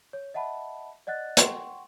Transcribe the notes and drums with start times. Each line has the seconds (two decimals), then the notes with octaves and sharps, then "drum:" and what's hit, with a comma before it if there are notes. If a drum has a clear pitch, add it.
0.13 C#5
0.34 D#5 E5 F#5 A5 B5
1.07 D5 D#5 F#5 F#6 A6
1.37 F#5 G5 C6 C#6, drum: hi-hat